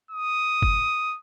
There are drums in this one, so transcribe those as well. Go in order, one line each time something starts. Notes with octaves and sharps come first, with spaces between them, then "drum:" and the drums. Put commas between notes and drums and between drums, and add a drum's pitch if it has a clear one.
D#6
drum: kick